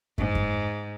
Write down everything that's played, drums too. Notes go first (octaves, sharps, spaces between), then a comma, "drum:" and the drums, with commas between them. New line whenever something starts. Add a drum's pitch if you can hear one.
G#2, drum: kick
drum: kick